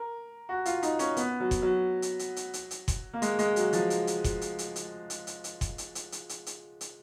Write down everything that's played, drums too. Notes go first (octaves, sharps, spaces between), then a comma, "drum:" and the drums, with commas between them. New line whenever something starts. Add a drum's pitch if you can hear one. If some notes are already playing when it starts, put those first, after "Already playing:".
Already playing: A#4
F#4
F4, drum: hi-hat
D#4, drum: hi-hat
C#4, drum: hi-hat
B3, drum: hi-hat
F#3
drum: kick F#1, hi-hat
F#3
drum: hi-hat
drum: hi-hat
drum: hi-hat
drum: hi-hat
drum: hi-hat
drum: kick F#1, hi-hat
A#3
G#3, drum: hi-hat
G#3, drum: hi-hat
F#3, drum: hi-hat
F3, drum: hi-hat
drum: hi-hat
drum: hi-hat
drum: kick F#1, hi-hat
drum: hi-hat
drum: hi-hat
drum: hi-hat
drum: hi-hat
drum: hi-hat
drum: hi-hat
drum: kick F#1, hi-hat
drum: hi-hat
drum: hi-hat
drum: hi-hat
drum: hi-hat
drum: hi-hat
drum: hi-hat